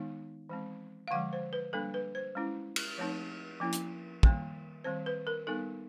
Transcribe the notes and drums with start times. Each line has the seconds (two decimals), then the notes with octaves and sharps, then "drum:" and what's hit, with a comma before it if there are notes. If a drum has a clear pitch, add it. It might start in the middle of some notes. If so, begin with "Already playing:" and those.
Already playing: D#3 G#3 B3 D#4
0.49 E3 G#3 C4
1.08 F5
1.11 D3 F3 G#3 F#5
1.33 C5
1.53 B4
1.73 G3 A#3 D4 A4
1.94 B4
2.15 C5
2.35 G#3 C#4 E4
2.76 drum: cymbal
2.98 F3 A3 C4 D#4 C#5
3.60 F3 A#3 C#4 E4
3.72 drum: hi-hat
4.23 D#3 G3 A#3, drum: kick
4.84 D#3 G3 C4 C5
5.06 B4
5.27 A#4
5.47 G3 B3 D#4 A4